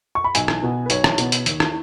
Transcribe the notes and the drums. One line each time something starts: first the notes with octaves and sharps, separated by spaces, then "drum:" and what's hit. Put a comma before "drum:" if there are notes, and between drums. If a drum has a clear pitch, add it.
C#6
B5
B1 G#5, drum: hi-hat
drum: rim click
B2 B3
B4
B1 C#5, drum: hi-hat
drum: rim click
B2 B3, drum: hi-hat
drum: hi-hat
D#2, drum: hi-hat
drum: rim click